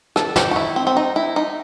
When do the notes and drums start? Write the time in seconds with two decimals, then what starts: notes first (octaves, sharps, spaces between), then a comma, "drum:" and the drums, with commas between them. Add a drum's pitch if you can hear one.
0.16 A4, drum: rim click
0.36 G4, drum: snare
0.51 F#4
0.56 E4
0.76 C4
0.87 C4
0.97 D#4
1.16 E4
1.36 D#4